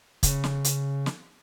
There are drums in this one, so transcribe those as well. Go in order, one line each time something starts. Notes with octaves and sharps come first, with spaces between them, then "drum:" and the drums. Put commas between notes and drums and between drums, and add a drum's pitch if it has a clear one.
C#3, drum: kick, hi-hat
drum: snare
drum: hi-hat
drum: snare